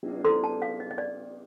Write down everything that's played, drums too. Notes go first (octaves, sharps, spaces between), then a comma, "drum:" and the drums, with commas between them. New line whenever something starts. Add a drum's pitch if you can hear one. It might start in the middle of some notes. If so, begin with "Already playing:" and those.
drum: cymbal
E4 A4 C5 C6
A5
F5
D#5
D#5
D5